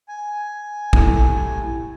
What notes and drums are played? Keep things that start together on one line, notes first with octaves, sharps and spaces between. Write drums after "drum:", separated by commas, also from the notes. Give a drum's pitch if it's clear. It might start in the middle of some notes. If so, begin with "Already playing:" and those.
G#5
A2 C3 A3, drum: kick